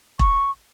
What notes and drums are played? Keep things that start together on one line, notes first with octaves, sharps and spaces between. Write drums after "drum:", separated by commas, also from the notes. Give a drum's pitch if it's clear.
C#6, drum: kick E1